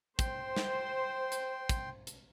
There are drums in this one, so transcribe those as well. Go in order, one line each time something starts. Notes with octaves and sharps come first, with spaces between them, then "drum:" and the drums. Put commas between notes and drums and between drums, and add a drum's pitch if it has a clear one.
C5 G5 C6, drum: kick, hi-hat
drum: snare
drum: hi-hat
drum: kick, hi-hat
drum: hi-hat